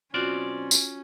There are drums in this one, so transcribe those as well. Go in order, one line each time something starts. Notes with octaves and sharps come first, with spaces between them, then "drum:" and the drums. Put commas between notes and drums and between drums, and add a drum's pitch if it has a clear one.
B1 C4 C#4 F4 F#4 D5
drum: tambourine